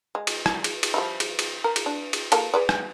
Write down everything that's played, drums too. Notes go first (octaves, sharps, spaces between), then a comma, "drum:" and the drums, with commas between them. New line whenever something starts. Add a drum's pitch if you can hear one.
G#3
drum: cymbal
drum: rim click
drum: cymbal
drum: cymbal
F3 G3 E4
drum: cymbal
drum: cymbal
A#4
drum: cymbal
D4
drum: cymbal
A#3 A4 A5, drum: cymbal
G#4 B4 D5
drum: rim click